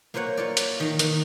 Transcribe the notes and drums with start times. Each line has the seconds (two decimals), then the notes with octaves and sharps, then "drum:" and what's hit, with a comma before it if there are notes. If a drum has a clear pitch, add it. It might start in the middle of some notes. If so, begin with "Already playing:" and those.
0.14 A#3 F4 C5 C#5 F#5
0.37 F4 C#5 D5
0.57 drum: hi-hat
0.80 D#3 A#5
0.99 D#3, drum: hi-hat